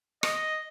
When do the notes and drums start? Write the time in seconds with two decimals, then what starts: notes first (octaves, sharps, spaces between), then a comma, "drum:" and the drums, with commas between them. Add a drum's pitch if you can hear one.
0.23 D#5, drum: rim click